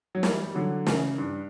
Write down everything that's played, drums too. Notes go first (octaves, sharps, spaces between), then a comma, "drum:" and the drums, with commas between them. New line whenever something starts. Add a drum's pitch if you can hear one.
F#3
E3 G3, drum: snare
G3
D3 F#3
C#3 E3, drum: snare
G2